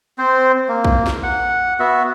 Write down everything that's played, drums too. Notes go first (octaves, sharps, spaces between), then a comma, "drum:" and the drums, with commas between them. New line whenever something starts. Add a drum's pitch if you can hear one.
C4 C5
A#3
drum: kick
drum: snare
F#5
B3 F#4 E5